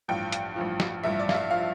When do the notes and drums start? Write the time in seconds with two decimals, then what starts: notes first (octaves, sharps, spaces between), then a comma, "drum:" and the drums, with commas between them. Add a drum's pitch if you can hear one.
0.08 A1 G2 F3 G5
0.32 drum: hi-hat
0.56 A1 G2 F3
0.80 drum: snare
1.04 A1 G2 F3 E5
1.19 D5
1.29 F5, drum: snare
1.35 E5
1.51 F3 F5